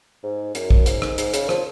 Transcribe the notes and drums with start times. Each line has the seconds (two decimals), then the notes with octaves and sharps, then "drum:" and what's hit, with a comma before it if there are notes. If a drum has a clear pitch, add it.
0.23 G#2
0.55 F#2, drum: hi-hat
0.70 drum: kick
0.86 G#2, drum: hi-hat
1.02 drum: rim click
1.18 G#2, drum: hi-hat
1.34 C#3, drum: hi-hat
1.49 F3, drum: rim click